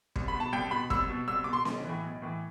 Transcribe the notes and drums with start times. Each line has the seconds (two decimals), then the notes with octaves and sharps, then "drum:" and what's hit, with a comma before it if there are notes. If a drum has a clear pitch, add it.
0.16 C2, drum: kick
0.28 B5
0.34 B2
0.40 A5
0.53 C2 G5
0.71 B2 B5
0.90 C2 E6, drum: kick
1.10 B2
1.28 C2 E6
1.44 B2 D6
1.53 C6
1.65 B1, drum: snare C#4
1.84 A2 E3
2.03 B1
2.22 A2 E3